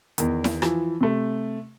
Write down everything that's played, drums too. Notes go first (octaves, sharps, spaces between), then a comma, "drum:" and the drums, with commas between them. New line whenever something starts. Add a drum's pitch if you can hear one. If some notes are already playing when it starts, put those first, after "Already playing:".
E2 D#3, drum: hi-hat
drum: snare
E3 F3, drum: rim click
C3 A3